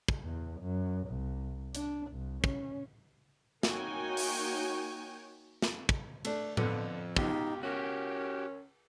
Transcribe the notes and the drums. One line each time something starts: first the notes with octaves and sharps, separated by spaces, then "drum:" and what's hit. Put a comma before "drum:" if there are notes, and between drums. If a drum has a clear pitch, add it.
drum: kick
E2
F#2
C2
D4, drum: hi-hat
C2
C#4, drum: kick
A#3 D#4 F#4 C#5 G5 G#5, drum: snare
drum: open hi-hat
drum: snare
drum: kick
A3 D4, drum: cymbal
F2 D3 B3, drum: tom A2
C#2 B2 D#4 G4, drum: kick
C#4 F#4 G4 A#4